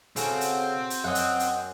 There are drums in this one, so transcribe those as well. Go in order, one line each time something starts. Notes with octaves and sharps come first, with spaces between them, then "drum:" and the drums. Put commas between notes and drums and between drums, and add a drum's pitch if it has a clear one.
C#3 C4 F#4 A4, drum: hi-hat
drum: hi-hat
drum: hi-hat
F#2 D#5 F#5
drum: hi-hat
drum: hi-hat